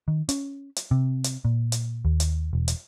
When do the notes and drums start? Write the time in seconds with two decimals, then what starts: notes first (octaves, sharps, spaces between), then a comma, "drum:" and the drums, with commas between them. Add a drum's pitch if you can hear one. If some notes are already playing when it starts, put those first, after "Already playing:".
0.08 D#3
0.29 C#4, drum: hi-hat
0.76 drum: hi-hat
0.91 C3
1.24 drum: hi-hat
1.45 A#2
1.72 drum: hi-hat
2.05 D#2
2.20 drum: hi-hat
2.53 E1
2.68 drum: hi-hat